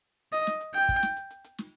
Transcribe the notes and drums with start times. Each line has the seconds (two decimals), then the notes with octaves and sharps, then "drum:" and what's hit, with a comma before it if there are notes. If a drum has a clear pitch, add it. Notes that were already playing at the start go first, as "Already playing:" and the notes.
0.33 D#5, drum: hi-hat
0.47 drum: snare
0.61 drum: hi-hat
0.74 G5, drum: hi-hat
0.89 drum: kick, hi-hat
1.03 drum: snare
1.17 drum: hi-hat
1.31 drum: hi-hat
1.44 drum: hi-hat
1.58 drum: snare